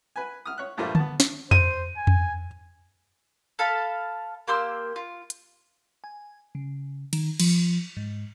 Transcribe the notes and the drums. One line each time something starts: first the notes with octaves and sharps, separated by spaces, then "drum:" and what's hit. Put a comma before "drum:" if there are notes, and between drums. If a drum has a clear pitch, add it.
B4 G#5
D#6 F6
C#5 F#6
G2 A#2 F3 G3 A3
B3 A5, drum: tom D3
drum: snare
C5 D#7, drum: tom F2
G#5
drum: tom F2
A4 F5 A5 B5
A#3 G4 C6 E6
F4
drum: hi-hat
G#5
C#3
D#3, drum: cymbal
F3, drum: cymbal
G#2